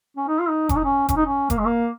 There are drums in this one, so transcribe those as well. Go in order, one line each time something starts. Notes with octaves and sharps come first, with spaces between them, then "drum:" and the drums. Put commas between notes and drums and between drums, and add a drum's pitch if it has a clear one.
C#4
D#4
F4
D#4
C#4, drum: kick F1, hi-hat
D#4
C#4
C#4, drum: kick F1, hi-hat
D#4
C#4
A#3, drum: kick F1, hi-hat
G#3
A#3